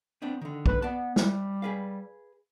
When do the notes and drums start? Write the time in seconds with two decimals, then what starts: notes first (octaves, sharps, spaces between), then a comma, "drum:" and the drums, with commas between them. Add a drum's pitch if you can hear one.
0.22 B3 C4 D4
0.41 D3 D#3
0.66 B4, drum: kick B1
0.82 B3 D5 A5
1.16 G3, drum: snare
1.62 G#4 B4 F5